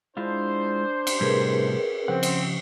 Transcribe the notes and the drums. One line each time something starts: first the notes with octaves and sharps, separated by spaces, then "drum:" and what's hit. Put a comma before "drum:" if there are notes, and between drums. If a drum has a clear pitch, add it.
G#3 D4 E4 F4 C5
drum: cymbal
A2 C3 G3 G#4 A#4 B4
C#3 F3 C4 F#5
drum: cymbal